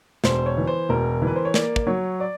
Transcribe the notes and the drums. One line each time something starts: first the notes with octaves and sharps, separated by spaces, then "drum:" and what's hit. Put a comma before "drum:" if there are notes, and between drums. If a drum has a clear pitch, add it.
E1 C5, drum: snare
C#5
E3
C5
E1 A#4
E3
B4
C5
C#5
A#3 D5, drum: snare
drum: kick
F#3 C#5
D5